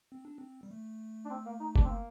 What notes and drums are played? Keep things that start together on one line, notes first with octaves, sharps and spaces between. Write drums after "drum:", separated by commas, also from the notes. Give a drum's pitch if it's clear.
C4
D4
C4
G3
A3
D4
C4
A#3
D#4
D4, drum: kick F#1
C4
A#3